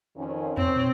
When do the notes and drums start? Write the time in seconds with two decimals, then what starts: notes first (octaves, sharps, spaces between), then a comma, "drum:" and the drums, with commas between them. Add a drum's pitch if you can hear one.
0.16 F2 D#3 C#4
0.57 C4 C#5, drum: tom
0.76 drum: tom